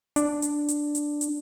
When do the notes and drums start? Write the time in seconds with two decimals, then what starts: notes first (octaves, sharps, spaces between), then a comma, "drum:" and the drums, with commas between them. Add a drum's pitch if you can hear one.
0.16 D4, drum: hi-hat
0.42 drum: hi-hat
0.69 drum: hi-hat
0.95 drum: hi-hat
1.21 drum: hi-hat